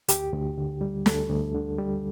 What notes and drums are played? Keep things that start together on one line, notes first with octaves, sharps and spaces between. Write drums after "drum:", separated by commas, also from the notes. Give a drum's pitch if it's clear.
D2 G4, drum: hi-hat
D2
D3
G3
D2 A4, drum: snare
D2
D3
G3